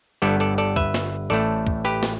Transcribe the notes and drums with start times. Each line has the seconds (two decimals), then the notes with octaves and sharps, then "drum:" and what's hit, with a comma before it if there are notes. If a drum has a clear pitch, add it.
0.22 G1 G2 G3 B3 A4 D5
0.40 A4 D5
0.58 A4 D5
0.76 B4 E5, drum: kick
0.94 drum: snare
1.30 A1 A2 A3 A4 D5
1.67 drum: kick
1.85 G4 B4
2.03 drum: snare